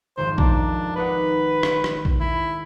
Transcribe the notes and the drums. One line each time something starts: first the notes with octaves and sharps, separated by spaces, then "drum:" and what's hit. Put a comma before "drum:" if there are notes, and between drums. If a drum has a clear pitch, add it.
G#1 F2 D#3 C5
D4 A#5, drum: kick A#1
C4 D#4 B4 F#5
drum: rim click
drum: rim click
drum: kick A#1
E4